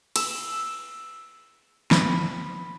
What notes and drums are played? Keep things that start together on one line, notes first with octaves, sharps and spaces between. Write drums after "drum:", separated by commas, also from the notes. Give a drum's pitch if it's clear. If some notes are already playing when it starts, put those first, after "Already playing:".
E6, drum: cymbal
B5, drum: snare